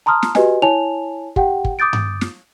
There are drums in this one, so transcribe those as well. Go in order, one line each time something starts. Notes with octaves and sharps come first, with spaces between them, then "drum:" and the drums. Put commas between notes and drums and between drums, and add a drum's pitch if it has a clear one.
A5 A#5 C6 D#6 F6
drum: snare
F#4 G4 B4 D#5 G#5, drum: snare
E4 C#5 G#5 A5 F7
G4 F#5 G5, drum: kick
drum: kick
D6 D#6 G6 A6 D7
drum: tom G2
drum: snare